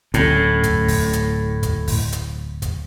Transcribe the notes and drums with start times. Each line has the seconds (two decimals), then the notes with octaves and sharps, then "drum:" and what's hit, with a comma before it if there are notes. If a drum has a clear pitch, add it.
0.14 D1 A2 C#4, drum: hi-hat
0.64 drum: kick, hi-hat
0.88 drum: kick, open hi-hat
1.13 drum: hi-hat
1.63 drum: kick, hi-hat
1.88 drum: kick, open hi-hat
2.12 drum: hi-hat
2.62 drum: kick, hi-hat